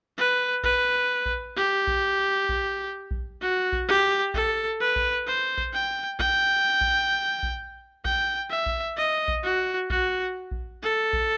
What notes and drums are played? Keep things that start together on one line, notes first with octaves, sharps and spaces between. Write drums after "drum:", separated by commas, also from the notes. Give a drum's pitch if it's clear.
B4
B4, drum: kick A#1
drum: kick A#1
G4
drum: kick A#1
drum: kick A#1
drum: kick A#1
F#4
drum: kick A#1
G4
A4, drum: kick A#1
B4
drum: kick A#1
C5
drum: kick A#1
G5
G5, drum: kick A#1
drum: kick A#1
drum: kick A#1
G5, drum: kick A#1
E5
drum: kick A#1
D#5
drum: kick A#1
F#4
F#4, drum: kick A#1
drum: kick A#1
A4
drum: kick A#1